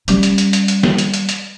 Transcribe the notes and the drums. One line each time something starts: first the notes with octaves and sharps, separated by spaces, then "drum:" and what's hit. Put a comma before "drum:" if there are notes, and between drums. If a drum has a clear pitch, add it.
G3 C#4, drum: hi-hat
drum: hi-hat
drum: hi-hat
drum: hi-hat
drum: hi-hat
drum: snare
drum: hi-hat
drum: hi-hat
drum: hi-hat